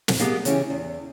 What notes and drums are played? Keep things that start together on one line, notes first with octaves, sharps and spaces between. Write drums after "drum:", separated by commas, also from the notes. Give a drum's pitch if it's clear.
drum: snare
B3 G4 G#4 A#4 D#5 F5
C#3 E3 C#4 G4, drum: hi-hat
E2